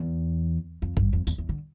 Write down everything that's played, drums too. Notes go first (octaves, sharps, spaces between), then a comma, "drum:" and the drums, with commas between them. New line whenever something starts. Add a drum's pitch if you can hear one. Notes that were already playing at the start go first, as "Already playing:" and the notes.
Already playing: E2
F2
G2, drum: kick
F2
E2, drum: tambourine
E2
D3